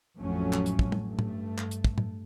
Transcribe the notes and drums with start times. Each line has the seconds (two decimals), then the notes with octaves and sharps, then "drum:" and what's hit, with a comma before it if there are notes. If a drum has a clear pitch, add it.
0.17 A1 F2 A2 F#3 A3 C#4
0.53 drum: clap
0.66 drum: hi-hat
0.79 drum: kick
0.92 drum: tom
1.05 G2 A3
1.19 drum: tom
1.58 drum: clap
1.71 drum: hi-hat
1.85 drum: kick
1.98 drum: tom